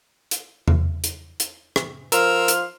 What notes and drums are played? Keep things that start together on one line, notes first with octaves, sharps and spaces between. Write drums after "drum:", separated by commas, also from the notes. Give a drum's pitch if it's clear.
drum: hi-hat
drum: tom E2
drum: hi-hat
drum: hi-hat
drum: rim click
F3 A#4 C6 E6 F6, drum: hi-hat
drum: hi-hat